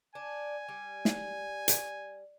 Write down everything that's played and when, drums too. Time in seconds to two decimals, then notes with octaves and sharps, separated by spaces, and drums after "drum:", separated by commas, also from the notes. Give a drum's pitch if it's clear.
0.15 D4 G#5
0.69 G3
1.05 drum: snare
1.68 drum: hi-hat